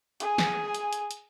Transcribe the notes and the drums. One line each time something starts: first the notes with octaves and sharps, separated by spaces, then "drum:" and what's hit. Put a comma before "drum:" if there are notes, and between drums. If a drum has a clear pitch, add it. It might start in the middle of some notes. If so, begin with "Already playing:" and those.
G#4 G#5, drum: hi-hat
drum: snare
drum: hi-hat
drum: hi-hat
drum: hi-hat